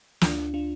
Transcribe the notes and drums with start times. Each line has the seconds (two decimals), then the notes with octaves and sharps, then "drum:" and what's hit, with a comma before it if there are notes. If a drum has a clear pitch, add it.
0.21 D2 D4 F4, drum: snare
0.54 D4 F4